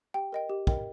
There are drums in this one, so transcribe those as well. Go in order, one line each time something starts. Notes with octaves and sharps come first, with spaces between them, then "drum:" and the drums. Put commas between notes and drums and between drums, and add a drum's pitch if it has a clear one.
G4 G5
A#4 D#5 G5
G4
A#4 D#5 G5, drum: kick